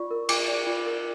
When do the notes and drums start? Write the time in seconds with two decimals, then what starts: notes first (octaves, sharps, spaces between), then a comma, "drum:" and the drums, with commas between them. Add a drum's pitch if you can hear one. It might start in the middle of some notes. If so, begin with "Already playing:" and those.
Already playing: F4 D5 C#6
0.11 A#4
0.29 F4 D6, drum: cymbal
0.48 D5
0.67 F4
0.86 A#4